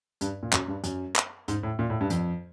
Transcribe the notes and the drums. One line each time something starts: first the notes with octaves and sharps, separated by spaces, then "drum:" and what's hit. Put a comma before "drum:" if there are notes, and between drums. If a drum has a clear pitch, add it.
G2, drum: hi-hat
A#2
F#2, drum: clap
G2
F#2, drum: hi-hat
drum: clap
G#2, drum: hi-hat
A2
A#2
A2
G2
F2, drum: hi-hat